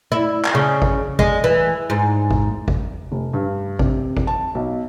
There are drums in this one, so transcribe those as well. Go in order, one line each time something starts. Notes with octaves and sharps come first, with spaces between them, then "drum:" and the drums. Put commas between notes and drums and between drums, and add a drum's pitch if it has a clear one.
E4
drum: clap
C#3
drum: kick G#1
G#3, drum: kick G#1
E3
G#2
drum: kick G#1
drum: kick G#1
F1
G2
C3, drum: kick G#1
drum: kick G#1
A5
B1